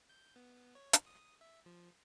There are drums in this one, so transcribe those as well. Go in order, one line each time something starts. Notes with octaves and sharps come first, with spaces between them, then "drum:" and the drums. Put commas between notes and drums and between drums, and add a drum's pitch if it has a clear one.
G6
B3
C#5
drum: hi-hat
D#6
E5
F3